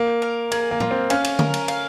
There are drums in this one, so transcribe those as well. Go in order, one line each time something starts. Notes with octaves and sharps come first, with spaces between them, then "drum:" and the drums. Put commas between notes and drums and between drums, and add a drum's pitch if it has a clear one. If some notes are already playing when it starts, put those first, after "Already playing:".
Already playing: A#3
A#4
A#3 G#4, drum: cymbal
A#3
F4, drum: tom
C4
C#4 F5, drum: cymbal
drum: cymbal
A#4, drum: tom D3
drum: cymbal
F5, drum: cymbal